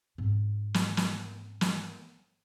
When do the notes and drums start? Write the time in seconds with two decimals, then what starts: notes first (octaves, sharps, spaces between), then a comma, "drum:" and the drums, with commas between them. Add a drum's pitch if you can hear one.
0.18 G#2 C4
0.74 drum: snare
0.97 drum: snare
1.61 drum: snare